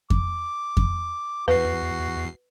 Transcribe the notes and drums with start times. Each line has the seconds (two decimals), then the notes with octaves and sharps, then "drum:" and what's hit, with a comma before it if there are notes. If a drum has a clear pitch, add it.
0.10 D6, drum: kick F2
0.77 drum: kick F2
1.48 E2 F#4 B4 C7